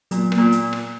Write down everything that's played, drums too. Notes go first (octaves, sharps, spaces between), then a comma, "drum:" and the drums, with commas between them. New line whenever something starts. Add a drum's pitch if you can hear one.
A#2 F#3, drum: hi-hat
A#3, drum: rim click
A#2
drum: hi-hat
drum: rim click